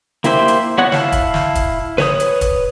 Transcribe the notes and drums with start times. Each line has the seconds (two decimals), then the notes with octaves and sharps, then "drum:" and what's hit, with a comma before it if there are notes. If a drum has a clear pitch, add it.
0.24 A#3 E4 G4 C5 E5, drum: hi-hat
0.48 drum: hi-hat
0.78 B3 F#4 C#5 F#5 F#6
0.92 E4 F5 A5, drum: snare
1.12 drum: kick, hi-hat
1.34 drum: snare
1.55 drum: kick, hi-hat
1.98 B4 C#5 D#6, drum: snare
2.20 drum: hi-hat
2.41 drum: kick, hi-hat